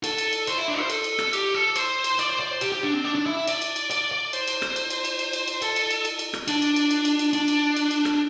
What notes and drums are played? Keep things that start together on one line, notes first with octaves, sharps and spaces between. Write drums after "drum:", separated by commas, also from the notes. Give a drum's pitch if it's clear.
A4, drum: cymbal
drum: cymbal
drum: cymbal
C5, drum: cymbal
E4
D4
C5
A4, drum: cymbal
drum: cymbal
drum: rim click
G4, drum: cymbal
A4
C5, drum: cymbal
drum: cymbal
D5, drum: cymbal
C5
D5
C5
G4, drum: cymbal
G4
D4
C4
D4
D4
E4
E5
D5, drum: cymbal
drum: cymbal
drum: cymbal
D5, drum: cymbal
D5
C5, drum: cymbal
drum: cymbal
drum: rim click
drum: cymbal
drum: cymbal
drum: cymbal
drum: cymbal
drum: cymbal
drum: cymbal
A4, drum: cymbal
drum: cymbal
drum: cymbal
drum: cymbal
drum: cymbal
drum: rim click
D4, drum: cymbal
drum: cymbal
drum: cymbal
drum: cymbal
drum: cymbal
drum: cymbal
D4, drum: cymbal
drum: cymbal
drum: cymbal
drum: cymbal
drum: rim click